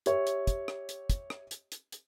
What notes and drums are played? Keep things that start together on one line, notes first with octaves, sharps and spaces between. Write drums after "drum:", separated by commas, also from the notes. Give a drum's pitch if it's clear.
G4 C#5 E5, drum: hi-hat
drum: hi-hat
drum: kick, hi-hat
drum: rim click
drum: hi-hat
drum: kick, hi-hat
drum: rim click
drum: hi-hat
drum: hi-hat
drum: hi-hat